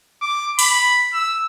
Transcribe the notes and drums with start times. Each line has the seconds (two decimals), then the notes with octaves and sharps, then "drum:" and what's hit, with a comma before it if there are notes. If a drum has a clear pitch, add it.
0.21 D6
0.59 B5, drum: open hi-hat
1.14 E6